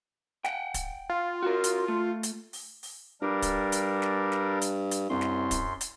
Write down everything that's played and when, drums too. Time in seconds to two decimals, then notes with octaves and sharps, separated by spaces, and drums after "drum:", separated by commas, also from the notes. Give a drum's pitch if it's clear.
0.45 F#5 G5, drum: snare
0.74 drum: kick, hi-hat
1.10 F4
1.43 F#4 A#4
1.64 drum: hi-hat
1.88 A3
2.23 drum: hi-hat
2.53 drum: open hi-hat
2.83 drum: open hi-hat
3.22 G2 G3 D4 A#4
3.42 drum: kick, hi-hat
3.72 drum: hi-hat
4.02 drum: snare
4.32 drum: snare
4.61 drum: hi-hat
4.91 drum: hi-hat
5.09 C2 F#2 C6
5.21 drum: snare
5.51 drum: kick, hi-hat
5.81 drum: hi-hat